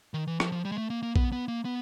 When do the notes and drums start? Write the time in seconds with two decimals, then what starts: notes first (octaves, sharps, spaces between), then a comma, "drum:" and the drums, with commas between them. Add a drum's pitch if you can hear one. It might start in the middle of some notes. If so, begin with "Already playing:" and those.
0.14 D#3
0.27 E3
0.40 F3, drum: rim click
0.52 F3
0.65 G3
0.72 G#3
0.78 A3
0.90 A#3
1.03 A#3
1.16 B3, drum: kick A#1
1.32 B3
1.48 A#3
1.65 B3